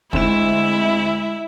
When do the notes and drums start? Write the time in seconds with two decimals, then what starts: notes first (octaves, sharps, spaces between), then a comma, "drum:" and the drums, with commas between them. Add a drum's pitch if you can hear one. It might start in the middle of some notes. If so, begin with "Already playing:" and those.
0.13 D2 G#3 C4 E4 E5 E7, drum: kick